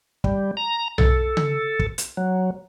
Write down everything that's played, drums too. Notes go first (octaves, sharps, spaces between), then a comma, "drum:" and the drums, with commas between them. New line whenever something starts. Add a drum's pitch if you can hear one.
G3, drum: kick
A#5
A4, drum: tom B1
drum: tom C#3
drum: kick
drum: hi-hat
F#3